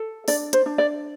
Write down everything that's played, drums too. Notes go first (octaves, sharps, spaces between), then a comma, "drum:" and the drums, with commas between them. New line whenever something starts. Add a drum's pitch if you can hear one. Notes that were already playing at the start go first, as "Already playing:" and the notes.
Already playing: A4
D4 D5, drum: open hi-hat
C5, drum: hi-hat
D4
D5